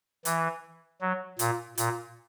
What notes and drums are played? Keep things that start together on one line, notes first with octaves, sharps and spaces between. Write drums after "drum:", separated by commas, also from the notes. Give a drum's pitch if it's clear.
E3, drum: hi-hat
F#3
A#2, drum: hi-hat
A#2, drum: hi-hat